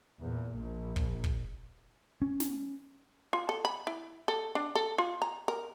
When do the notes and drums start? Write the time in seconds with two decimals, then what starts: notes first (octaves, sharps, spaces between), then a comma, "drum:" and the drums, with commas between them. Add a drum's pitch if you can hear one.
0.21 E2 A#2
0.58 A#1
0.96 drum: kick
1.24 drum: kick
2.22 C#4
2.40 drum: snare
3.33 F4
3.49 A4
3.65 B5
3.87 E4
4.28 A4
4.55 D4
4.75 A4
4.98 F4
5.22 A#5
5.48 A#4